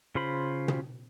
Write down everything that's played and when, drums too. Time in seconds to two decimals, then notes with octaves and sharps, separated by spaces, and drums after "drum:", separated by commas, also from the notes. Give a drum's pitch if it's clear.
0.15 C#3 F4 C5 B5
0.68 drum: tom